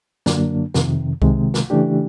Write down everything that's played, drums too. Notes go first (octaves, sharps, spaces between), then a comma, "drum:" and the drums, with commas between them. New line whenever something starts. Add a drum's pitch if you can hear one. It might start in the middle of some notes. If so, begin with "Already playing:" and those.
F#2 D3 F#3 A#3 D4, drum: snare
F2 C3 D#3, drum: snare
C3 D#3 G#3, drum: kick C2
drum: snare
C#3 E3 A3 D4 G4